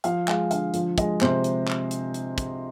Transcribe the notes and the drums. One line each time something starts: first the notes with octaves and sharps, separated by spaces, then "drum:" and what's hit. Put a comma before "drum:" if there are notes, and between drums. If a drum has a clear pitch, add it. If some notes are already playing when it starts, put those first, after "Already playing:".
F3 F5, drum: hi-hat
G#3 F5, drum: clap
D3 F5, drum: hi-hat
F3, drum: hi-hat
G#3 D#5, drum: kick, hi-hat
C3 C5, drum: clap
drum: hi-hat
drum: clap
drum: hi-hat
drum: hi-hat
drum: kick, hi-hat